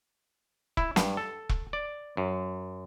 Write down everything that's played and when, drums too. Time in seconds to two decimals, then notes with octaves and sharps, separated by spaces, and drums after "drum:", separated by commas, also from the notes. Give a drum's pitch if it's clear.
0.77 E4, drum: kick E1
0.96 G2, drum: snare
1.17 A4
1.49 drum: kick E1
1.73 D5
2.17 F#2